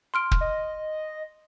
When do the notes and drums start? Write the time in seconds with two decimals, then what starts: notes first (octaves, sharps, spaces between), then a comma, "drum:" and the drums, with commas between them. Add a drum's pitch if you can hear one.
0.14 C6 F6 D7
0.31 drum: kick
0.41 D#5